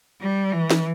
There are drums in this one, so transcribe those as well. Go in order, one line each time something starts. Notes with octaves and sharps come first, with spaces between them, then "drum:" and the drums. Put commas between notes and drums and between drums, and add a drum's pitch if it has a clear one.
G3
E3
drum: snare